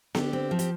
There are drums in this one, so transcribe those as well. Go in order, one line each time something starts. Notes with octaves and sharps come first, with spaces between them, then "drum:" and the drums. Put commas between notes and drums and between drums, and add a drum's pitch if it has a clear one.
D3 G4, drum: snare B3
C4
F3
G4, drum: hi-hat